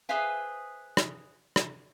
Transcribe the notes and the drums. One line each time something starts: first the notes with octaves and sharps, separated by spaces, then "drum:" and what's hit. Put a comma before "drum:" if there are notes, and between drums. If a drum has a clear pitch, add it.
G#4 B4 C5 E5 F5 G#5
drum: rim click
drum: rim click